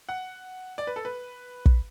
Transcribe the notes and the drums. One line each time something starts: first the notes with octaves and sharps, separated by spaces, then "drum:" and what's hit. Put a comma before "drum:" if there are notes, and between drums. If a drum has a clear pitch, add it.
F#5
D5
B4
A4
B4
drum: kick